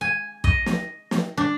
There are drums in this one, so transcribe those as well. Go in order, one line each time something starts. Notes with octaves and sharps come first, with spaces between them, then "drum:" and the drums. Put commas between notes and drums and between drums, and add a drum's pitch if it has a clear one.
G#5
D#5, drum: kick
drum: snare
drum: snare
D4